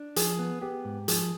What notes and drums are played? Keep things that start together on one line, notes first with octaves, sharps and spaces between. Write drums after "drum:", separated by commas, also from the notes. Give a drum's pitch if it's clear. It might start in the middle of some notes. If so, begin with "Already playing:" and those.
Already playing: D4
F3 G#4, drum: hi-hat
B3
B3 G4
G#2
F3 G#4, drum: hi-hat